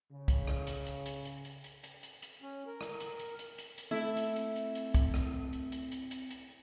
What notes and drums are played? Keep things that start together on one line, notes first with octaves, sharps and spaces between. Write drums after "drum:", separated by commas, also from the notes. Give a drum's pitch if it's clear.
C#3
drum: kick C2, hi-hat
drum: rim click
drum: hi-hat
drum: hi-hat
drum: hi-hat
drum: hi-hat
drum: hi-hat
drum: hi-hat
drum: hi-hat
drum: hi-hat
drum: hi-hat
C#4
A#4
drum: rim click
drum: hi-hat
drum: hi-hat
drum: hi-hat
drum: hi-hat
drum: hi-hat
A3 C4 E4
drum: hi-hat
drum: hi-hat
drum: hi-hat
drum: hi-hat
drum: kick C2, hi-hat
drum: rim click
drum: hi-hat
drum: hi-hat
drum: hi-hat
drum: hi-hat
drum: hi-hat